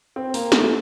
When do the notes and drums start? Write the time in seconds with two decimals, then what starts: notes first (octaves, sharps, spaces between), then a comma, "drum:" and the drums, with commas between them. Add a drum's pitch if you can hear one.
0.16 C4
0.34 A#3, drum: open hi-hat
0.52 A3, drum: snare